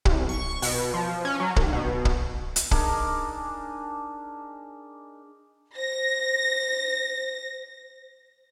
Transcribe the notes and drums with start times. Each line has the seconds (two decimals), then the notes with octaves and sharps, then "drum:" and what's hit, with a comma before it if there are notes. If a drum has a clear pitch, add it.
0.05 C2, drum: kick
0.29 C#6
0.62 B2, drum: open hi-hat
0.94 F3
1.25 C#4
1.40 F#3
1.56 D#2, drum: kick
1.73 B2
2.05 drum: kick
2.56 drum: hi-hat
2.71 D4 D#4 G#4 A#4, drum: kick
5.76 C5 A#6